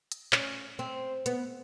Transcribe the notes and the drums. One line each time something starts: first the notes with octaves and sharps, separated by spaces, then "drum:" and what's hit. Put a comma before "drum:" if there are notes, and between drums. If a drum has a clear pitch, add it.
drum: hi-hat
C#4, drum: clap
C4
B3, drum: hi-hat